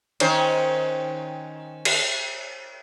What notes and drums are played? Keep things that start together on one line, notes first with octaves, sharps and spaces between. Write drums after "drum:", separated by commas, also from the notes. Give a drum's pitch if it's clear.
D#3 C#4 C5, drum: cymbal
drum: cymbal